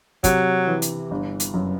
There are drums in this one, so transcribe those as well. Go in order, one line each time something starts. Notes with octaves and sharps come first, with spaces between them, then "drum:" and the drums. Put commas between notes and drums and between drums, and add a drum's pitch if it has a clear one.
C3 F#3, drum: kick, hi-hat
E3
drum: hi-hat
G1
drum: hi-hat
F#2